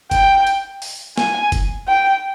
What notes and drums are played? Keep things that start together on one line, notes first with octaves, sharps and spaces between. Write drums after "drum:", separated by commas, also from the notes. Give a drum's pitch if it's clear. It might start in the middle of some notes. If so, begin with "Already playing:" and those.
G5, drum: kick F1, hi-hat
drum: hi-hat
drum: open hi-hat
G#5, drum: snare
drum: kick F1, hi-hat
G5